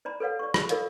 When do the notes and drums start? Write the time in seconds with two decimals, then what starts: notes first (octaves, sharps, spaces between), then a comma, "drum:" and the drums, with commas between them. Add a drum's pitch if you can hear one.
0.05 C5 D5 A#5 B5
0.20 A4 B4 C#5 F5 F#5
0.39 D5 C#6
0.54 C5, drum: rim click
0.69 F4 A4 A#4 C#5 D#5 F5, drum: hi-hat